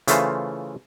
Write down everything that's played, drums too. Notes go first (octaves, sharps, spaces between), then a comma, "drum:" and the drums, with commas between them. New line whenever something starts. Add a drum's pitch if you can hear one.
C#3 E3 A3 F4 C5, drum: hi-hat